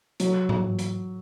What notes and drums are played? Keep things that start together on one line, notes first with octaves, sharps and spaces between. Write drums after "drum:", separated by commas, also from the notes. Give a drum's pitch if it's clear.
F#3, drum: hi-hat
drum: tom G#2
drum: hi-hat